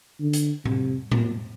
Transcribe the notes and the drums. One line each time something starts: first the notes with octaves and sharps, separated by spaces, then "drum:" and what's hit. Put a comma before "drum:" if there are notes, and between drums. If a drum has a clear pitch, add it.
D3
drum: hi-hat
C3, drum: tom A2
A#2, drum: tom A2